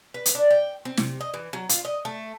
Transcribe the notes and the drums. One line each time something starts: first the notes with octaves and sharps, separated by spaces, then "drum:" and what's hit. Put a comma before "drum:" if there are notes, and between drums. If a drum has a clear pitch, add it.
B4
drum: hi-hat
D4
G5
C4
C3, drum: snare
D#5
E3
F#3
F4, drum: hi-hat
D#5
A3